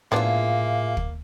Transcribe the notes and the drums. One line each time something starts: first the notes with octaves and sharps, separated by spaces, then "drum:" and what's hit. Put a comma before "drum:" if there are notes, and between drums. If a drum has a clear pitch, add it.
A2 F3 A#3 B3 D4 F4 G#4 E5
drum: kick